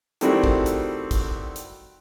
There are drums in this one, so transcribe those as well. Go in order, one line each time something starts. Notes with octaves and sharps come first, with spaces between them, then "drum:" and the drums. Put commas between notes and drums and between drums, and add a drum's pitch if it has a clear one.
D#3 G3 A3 C4 E4 F#4, drum: hi-hat
drum: kick
drum: hi-hat
drum: kick, hi-hat
drum: hi-hat